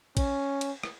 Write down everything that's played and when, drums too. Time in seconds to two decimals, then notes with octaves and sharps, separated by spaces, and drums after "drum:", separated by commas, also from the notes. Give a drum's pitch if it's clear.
0.17 C#4, drum: kick, cymbal
0.61 drum: cymbal
0.83 drum: rim click